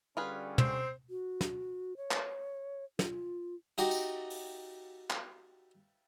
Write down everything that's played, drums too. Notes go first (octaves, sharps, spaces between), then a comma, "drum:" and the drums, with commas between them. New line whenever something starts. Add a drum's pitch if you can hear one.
D3 G3 C#4 F4 G#4 B4
C4 C5, drum: tom
F#4
drum: snare
C#5
drum: clap
F4, drum: snare
D#4 F#4 G4, drum: cymbal
drum: tambourine
drum: open hi-hat
drum: clap